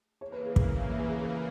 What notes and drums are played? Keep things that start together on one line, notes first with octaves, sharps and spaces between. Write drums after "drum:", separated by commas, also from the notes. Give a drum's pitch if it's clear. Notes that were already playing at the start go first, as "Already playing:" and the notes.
C#3 E3 A#3 C#5
B4
G#4
drum: kick
E5
B4
G#4
B4